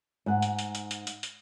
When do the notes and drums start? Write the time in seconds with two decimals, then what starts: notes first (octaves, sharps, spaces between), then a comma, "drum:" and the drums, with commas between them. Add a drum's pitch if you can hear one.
0.26 G#2 F#5
0.42 drum: hi-hat
0.59 drum: hi-hat
0.75 drum: hi-hat
0.91 drum: hi-hat
1.07 drum: hi-hat
1.23 drum: hi-hat